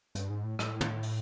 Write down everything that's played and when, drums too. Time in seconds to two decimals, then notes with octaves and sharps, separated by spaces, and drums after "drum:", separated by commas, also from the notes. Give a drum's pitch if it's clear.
0.15 G2, drum: hi-hat
0.30 G#2
0.44 A2
0.59 A2, drum: rim click
0.81 drum: tom
1.03 drum: open hi-hat